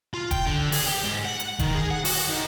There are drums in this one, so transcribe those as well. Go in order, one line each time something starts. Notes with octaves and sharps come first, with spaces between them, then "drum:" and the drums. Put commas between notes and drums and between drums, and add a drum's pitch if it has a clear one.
F4
G5, drum: kick E1, hi-hat
D3
G#4, drum: open hi-hat
G4
G#2
F#5
drum: hi-hat
D#3, drum: kick E1, hi-hat
G#4
F#5
F#4, drum: open hi-hat
D#3